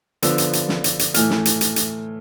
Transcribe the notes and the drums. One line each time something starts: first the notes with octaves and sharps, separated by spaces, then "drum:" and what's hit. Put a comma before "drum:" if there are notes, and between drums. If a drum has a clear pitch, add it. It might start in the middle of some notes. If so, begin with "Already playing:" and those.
D3 F3 B3 E6, drum: hi-hat
drum: hi-hat
drum: hi-hat
drum: snare
drum: hi-hat
drum: hi-hat
A2 E3 A3 F6, drum: hi-hat
drum: snare
drum: hi-hat
drum: hi-hat
drum: hi-hat